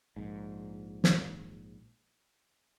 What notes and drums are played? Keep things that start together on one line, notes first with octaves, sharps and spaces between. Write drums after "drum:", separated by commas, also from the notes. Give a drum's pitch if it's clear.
A#1 G#2
drum: snare